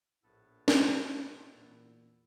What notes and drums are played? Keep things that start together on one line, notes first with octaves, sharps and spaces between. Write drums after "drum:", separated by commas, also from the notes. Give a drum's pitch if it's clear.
A#1 A2 B3 A4
drum: snare
E2 A#2